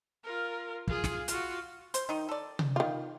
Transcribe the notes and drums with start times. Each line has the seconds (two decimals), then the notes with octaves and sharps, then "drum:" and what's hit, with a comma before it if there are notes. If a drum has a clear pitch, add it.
0.23 F4 A#4
0.87 F4 G#4, drum: kick
1.04 drum: snare
1.28 F4 F#4, drum: hi-hat
1.94 C5, drum: hi-hat
2.09 D#3 D#4
2.29 A4 D5
2.59 drum: tom C3
2.76 D#3 F4